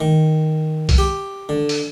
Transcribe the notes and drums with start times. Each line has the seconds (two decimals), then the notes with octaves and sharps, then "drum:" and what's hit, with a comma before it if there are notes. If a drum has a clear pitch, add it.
0.01 D#3
0.89 drum: kick, open hi-hat
0.98 G4
1.49 D3
1.69 drum: open hi-hat